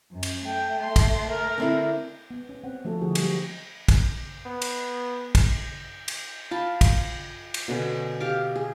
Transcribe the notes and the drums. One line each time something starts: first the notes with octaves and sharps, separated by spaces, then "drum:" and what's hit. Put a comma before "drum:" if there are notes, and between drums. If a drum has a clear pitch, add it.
F#2
drum: cymbal
A3 G5
C6
drum: kick, cymbal
A#4
D3 C4 E4
B3
C#4
C4 F#5
F3 A3 F#4 A4
D3 F3 F#4 G#4
F#3 G3 F#4 G4, drum: cymbal
drum: kick, cymbal
B3
drum: cymbal
drum: kick, cymbal
drum: cymbal
F4 A5 B5
drum: kick, cymbal
drum: cymbal
B2 D3 C#4
G4 F5 D6
G#4